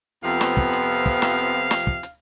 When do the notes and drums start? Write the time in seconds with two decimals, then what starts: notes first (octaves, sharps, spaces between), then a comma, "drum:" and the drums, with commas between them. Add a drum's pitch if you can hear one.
0.24 F2 C3 F3 B3 F5
0.41 drum: snare
0.57 drum: kick
0.73 drum: hi-hat
1.06 drum: kick, hi-hat
1.22 drum: snare
1.38 drum: hi-hat
1.71 drum: snare
1.87 drum: kick
2.03 drum: hi-hat